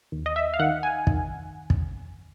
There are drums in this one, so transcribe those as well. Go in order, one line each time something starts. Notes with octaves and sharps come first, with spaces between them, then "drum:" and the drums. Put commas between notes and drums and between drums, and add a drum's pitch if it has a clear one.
D#2
D#5
E5
F5
D#3 F#5
G#5
D#3, drum: kick
drum: kick